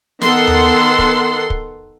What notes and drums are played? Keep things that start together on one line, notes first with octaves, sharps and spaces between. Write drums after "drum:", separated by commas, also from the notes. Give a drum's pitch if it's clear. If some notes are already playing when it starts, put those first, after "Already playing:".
D#3 B3 A4 F#5 C6, drum: snare
drum: tom D#2
drum: kick
drum: kick